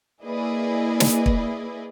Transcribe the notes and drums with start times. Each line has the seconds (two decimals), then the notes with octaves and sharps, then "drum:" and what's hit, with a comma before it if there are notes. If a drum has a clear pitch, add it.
0.23 A#3 E4 G#4 B4 D5 D#5
1.00 drum: snare
1.26 drum: kick